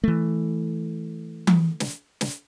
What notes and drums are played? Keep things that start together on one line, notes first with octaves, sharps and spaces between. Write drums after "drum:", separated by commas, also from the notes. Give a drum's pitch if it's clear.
E3 A3
drum: tom E3
drum: snare
drum: snare